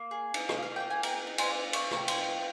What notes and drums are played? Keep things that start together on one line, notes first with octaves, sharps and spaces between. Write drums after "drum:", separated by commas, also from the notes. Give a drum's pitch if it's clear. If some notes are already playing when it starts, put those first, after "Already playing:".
Already playing: A#3
G#4
D#4, drum: cymbal
D#5, drum: rim click
A#3
F5
A#3 G5
G#5
G#4 G5 A#5, drum: cymbal
D#4
G#5 C6, drum: cymbal
A#3
A#3 C#6, drum: cymbal
A#5 C#6, drum: rim click
G4
G#5 C6, drum: cymbal
D#4